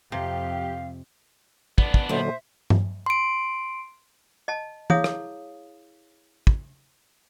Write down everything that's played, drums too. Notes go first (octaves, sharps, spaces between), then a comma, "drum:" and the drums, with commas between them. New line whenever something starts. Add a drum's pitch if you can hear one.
F2 C3 G4 F5
B3 D4 D5, drum: kick
drum: kick
A#2 D3 F#3 C5 D#5 E5
drum: tom G2
C6 D7
D#5 A5
E4 G#4 C#5 F5 D#6, drum: tom
drum: rim click
drum: kick